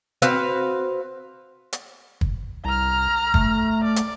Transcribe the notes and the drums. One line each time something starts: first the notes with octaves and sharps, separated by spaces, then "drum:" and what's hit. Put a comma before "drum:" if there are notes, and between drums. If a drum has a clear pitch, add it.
C4 F#4 B4 F5, drum: hi-hat
drum: hi-hat
drum: kick
C2 A#5 F6
A3, drum: kick
D5
drum: hi-hat